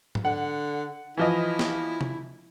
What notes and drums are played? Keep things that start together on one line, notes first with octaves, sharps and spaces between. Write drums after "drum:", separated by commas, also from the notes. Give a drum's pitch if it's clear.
drum: tom G#2
D3 F#5
E3 F3 E4 D#5
drum: snare
drum: tom C3